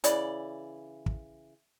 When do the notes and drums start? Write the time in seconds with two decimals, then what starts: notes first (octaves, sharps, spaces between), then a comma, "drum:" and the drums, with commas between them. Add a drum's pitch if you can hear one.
0.04 C#3 E3 D5, drum: hi-hat
1.06 drum: kick